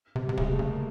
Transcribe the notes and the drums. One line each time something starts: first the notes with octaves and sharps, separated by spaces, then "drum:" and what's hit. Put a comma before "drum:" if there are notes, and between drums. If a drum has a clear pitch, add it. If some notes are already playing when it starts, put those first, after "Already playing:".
C3
G3
C3
C#3, drum: kick
G#3
A3
C#3
A#3